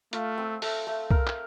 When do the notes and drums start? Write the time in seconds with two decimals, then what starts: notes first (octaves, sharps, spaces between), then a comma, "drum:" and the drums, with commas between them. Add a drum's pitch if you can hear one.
0.13 A3 F4, drum: hi-hat
0.38 C4
0.62 A3, drum: open hi-hat
0.87 A3
1.11 A#4, drum: kick
1.27 drum: clap